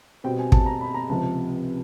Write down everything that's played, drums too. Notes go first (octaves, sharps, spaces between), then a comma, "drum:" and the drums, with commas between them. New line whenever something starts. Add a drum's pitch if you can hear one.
B2 G3 C4 G5
G#5
A5, drum: kick
A#5
B5
A#5
C#2 C3 F3 A5